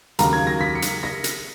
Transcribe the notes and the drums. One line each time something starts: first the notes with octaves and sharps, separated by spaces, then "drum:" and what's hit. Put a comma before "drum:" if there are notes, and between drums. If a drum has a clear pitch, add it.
D#2 C#3 F#3 A#3 A#5, drum: hi-hat
G#6
A#6
B6
C#7
B6, drum: hi-hat
A#6, drum: snare
drum: hi-hat